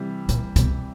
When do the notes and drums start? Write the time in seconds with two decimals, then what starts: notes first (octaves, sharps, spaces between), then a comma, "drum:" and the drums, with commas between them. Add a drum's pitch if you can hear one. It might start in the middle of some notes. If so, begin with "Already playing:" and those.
Already playing: C3 E3 G3
0.29 A#2, drum: hi-hat
0.56 B2, drum: kick C2, hi-hat